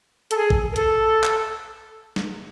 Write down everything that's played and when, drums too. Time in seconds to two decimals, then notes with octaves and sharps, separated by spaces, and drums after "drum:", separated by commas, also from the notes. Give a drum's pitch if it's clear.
0.31 A4, drum: hi-hat
0.37 G#4
0.50 drum: kick A#1
0.72 A#4
0.76 A4, drum: hi-hat
1.24 drum: clap
2.16 drum: snare